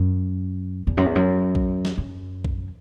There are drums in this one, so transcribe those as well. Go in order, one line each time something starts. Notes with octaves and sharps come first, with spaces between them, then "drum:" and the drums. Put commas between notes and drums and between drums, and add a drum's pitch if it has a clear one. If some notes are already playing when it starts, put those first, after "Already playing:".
Already playing: F#2
E2
F#2
E2
F#2
drum: kick A#1
drum: snare
F#2
drum: kick A#1